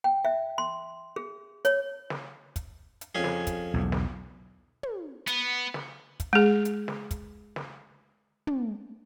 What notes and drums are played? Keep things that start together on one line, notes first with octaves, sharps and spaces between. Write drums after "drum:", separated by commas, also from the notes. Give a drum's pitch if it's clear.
G5
E5
C6
G#4
C#5, drum: hi-hat
drum: snare
drum: kick, hi-hat
drum: hi-hat
F2 C#4 G#4
drum: snare
drum: kick, hi-hat
B1 E2
drum: snare
drum: tom
B3, drum: hi-hat
drum: snare
drum: kick, hi-hat
G#3 G#4
drum: hi-hat
drum: snare
drum: kick, hi-hat
drum: snare
drum: tom